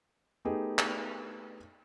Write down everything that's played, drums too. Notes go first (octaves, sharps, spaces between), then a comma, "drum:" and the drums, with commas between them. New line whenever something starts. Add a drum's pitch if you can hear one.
A3 B3 D#4 G4 G#4
drum: clap